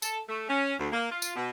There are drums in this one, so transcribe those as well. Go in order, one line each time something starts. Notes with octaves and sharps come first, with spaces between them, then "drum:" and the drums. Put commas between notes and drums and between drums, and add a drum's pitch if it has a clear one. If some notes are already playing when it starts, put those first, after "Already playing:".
A4, drum: tambourine
A3
C#4
D2
A#3
F4
drum: tambourine
B2